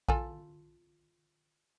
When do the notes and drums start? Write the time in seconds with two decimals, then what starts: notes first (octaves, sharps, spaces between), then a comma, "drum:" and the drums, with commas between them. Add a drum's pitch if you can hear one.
0.08 F4 A4 G#5, drum: kick A#1